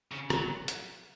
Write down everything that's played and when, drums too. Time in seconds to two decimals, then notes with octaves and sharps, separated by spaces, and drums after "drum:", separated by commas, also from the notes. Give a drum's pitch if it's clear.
0.11 C#3
0.30 F#3, drum: rim click
0.68 drum: hi-hat